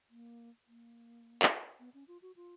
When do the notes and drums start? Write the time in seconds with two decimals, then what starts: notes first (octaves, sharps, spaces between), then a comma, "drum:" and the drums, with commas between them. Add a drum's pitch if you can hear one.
0.10 A#3
0.67 A#3
1.42 drum: clap
1.80 B3
1.94 C#4
2.08 F4
2.22 F#4
2.36 F4